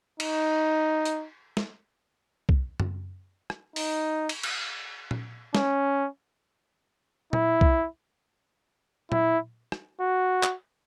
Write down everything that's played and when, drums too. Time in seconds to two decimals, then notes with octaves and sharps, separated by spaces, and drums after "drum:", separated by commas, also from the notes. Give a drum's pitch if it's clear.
0.20 D#4, drum: cymbal
1.05 drum: hi-hat
1.57 drum: snare
2.49 drum: kick
2.80 drum: tom F#2
3.50 drum: rim click
3.76 D#4, drum: open hi-hat
4.29 drum: cymbal
4.43 drum: cymbal
5.11 drum: tom A#2
5.55 C#4, drum: snare
7.33 E4, drum: tom A#2
7.61 drum: kick
9.12 E4, drum: tom A#2
9.72 drum: rim click
10.01 F#4
10.43 drum: clap